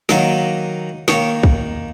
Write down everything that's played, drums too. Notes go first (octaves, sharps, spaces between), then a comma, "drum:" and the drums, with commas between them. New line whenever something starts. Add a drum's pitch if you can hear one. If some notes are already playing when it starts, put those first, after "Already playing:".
D#3 F#3 A#3 D#5, drum: snare
D#3 A#3 C#5, drum: snare
drum: kick